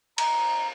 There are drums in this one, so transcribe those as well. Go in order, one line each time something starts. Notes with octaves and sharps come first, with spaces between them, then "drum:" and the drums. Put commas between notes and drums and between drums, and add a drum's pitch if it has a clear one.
A#5, drum: cymbal